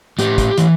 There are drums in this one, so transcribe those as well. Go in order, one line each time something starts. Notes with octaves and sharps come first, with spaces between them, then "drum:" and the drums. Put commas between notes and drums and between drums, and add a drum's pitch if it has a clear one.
A2 G4, drum: hi-hat
drum: kick, hi-hat
E3, drum: hi-hat